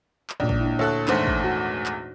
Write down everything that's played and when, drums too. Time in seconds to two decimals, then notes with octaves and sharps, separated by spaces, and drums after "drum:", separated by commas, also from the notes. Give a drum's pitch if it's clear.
0.30 drum: clap
0.40 C#2 A#2 D4 D5
0.49 drum: kick
0.61 D4 E4
0.79 D2 A4 C#5 F#6
1.08 G#1 E2 A3 D4 D#4 C5, drum: clap
1.27 drum: kick
1.44 F#4
1.86 drum: clap